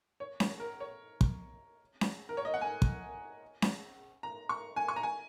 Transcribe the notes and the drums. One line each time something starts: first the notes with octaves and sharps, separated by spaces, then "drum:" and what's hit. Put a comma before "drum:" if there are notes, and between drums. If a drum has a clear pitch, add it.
C#5
C#5, drum: snare C#4
A#4
C#5
drum: kick
drum: snare C#4
A#4
C#5
D#5
F#5
G#5
drum: kick
drum: snare C#4
A#5
C#6
G#5
C#6
A#5
G#5